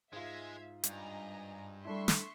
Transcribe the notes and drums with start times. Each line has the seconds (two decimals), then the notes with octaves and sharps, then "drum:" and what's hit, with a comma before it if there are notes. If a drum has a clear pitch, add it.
0.13 G#2 G#3 F4 E5 F5 G#6
0.84 G2 D#5 G#5 A#5, drum: hi-hat
1.85 G3 A3 D4 E4 E5 C6 C#6
2.08 drum: snare